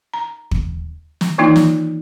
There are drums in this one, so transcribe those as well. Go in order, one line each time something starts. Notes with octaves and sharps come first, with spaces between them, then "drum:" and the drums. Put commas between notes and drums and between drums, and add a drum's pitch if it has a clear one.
A#5
drum: kick
drum: snare
D#3 E3 A#3 D#4 F4
drum: snare